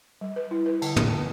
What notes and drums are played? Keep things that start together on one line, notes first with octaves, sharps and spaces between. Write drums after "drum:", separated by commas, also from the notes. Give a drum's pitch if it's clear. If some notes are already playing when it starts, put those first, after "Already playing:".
G3
B4
E4
B4
D3, drum: cymbal
D3, drum: tom
D3